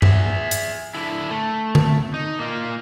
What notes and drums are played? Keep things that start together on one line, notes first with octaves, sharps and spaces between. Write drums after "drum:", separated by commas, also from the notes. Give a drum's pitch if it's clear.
G#4 E5, drum: tom G2
drum: hi-hat
D3 E4
A3
drum: tom D3
D#4
A#3 F4